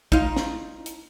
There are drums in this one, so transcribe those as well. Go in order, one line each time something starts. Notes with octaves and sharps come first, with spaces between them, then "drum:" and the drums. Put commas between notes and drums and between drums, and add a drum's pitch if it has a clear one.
D#4 F4, drum: kick
drum: snare
drum: hi-hat